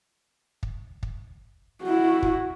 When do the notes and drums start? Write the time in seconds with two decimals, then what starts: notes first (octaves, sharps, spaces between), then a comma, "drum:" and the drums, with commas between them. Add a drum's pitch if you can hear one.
0.63 drum: kick
1.03 drum: kick
1.83 E4 F#4
2.23 drum: kick